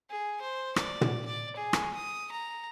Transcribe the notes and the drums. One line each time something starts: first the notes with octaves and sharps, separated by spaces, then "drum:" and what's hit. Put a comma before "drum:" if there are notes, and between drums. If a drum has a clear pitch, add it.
G#4
C5
D5, drum: rim click
drum: tom
D5
G#4
drum: rim click
D#6
A#5